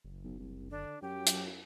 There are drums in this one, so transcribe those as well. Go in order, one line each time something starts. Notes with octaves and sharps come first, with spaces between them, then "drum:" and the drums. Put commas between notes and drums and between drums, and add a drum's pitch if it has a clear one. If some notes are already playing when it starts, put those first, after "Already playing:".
F#1
B1
C2
D3 D4
F#2 F#3 G4
drum: hi-hat